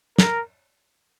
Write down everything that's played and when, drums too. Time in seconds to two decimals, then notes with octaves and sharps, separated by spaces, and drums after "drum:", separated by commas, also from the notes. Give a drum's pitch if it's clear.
0.18 A#4, drum: snare